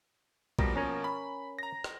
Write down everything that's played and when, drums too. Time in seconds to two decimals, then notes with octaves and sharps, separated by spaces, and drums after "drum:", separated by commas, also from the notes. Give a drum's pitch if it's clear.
0.59 B2 F3 G3 A#3 A#5, drum: kick A#1
0.76 C#4 A#4 C#5
1.04 B5
1.59 A#5 A#6
1.84 drum: rim click